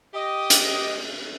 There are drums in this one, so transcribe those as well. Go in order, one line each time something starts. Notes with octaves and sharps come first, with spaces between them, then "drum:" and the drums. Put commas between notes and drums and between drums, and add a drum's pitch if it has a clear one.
G4 D#5
drum: hi-hat